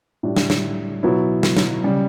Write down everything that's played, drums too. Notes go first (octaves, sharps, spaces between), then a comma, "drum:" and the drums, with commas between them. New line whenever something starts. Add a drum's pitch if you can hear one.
A2 G3 D4 G4
drum: snare
drum: snare
B2 F#3 B3 E4
drum: snare
drum: snare
C#3 G3